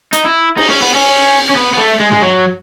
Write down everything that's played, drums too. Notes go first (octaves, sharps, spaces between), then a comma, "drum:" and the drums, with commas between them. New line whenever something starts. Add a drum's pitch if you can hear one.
D#4, drum: hi-hat
E4
D#4, drum: cymbal
C#4
B3
C#4
C#4
B3
B3
A3
G#3
G#3, drum: tom
F#3